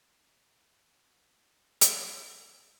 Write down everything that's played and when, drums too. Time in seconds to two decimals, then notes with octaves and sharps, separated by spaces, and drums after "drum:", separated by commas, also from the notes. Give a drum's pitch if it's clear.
0.11 F4
0.19 D#2 D#3 F#3 C#4 D#4
1.11 B1 B2 G#3
1.81 drum: hi-hat
2.03 A#1 A#2 G#3 B3 F4
2.30 B4
2.34 A#4
2.54 F5
2.64 D#5 F#5